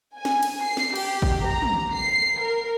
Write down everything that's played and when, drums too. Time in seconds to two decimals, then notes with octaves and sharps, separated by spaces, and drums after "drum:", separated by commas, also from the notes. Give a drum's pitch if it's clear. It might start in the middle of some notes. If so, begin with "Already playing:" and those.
0.16 G#5
0.25 drum: snare
0.43 drum: cymbal
0.63 C7
0.77 drum: snare
0.96 G4, drum: cymbal
1.22 drum: kick
1.45 A#5
1.62 drum: tom
1.93 C7
2.40 A#4